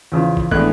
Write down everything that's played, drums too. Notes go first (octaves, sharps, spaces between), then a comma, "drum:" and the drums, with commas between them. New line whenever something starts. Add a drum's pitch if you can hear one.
E2 C#3 F3
drum: kick
A2 E3 G#3 B3 D4 F#6, drum: kick